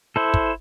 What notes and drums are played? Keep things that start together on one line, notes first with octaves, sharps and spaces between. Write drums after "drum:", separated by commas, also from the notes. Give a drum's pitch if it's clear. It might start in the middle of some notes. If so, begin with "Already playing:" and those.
E4 A4 C5
drum: kick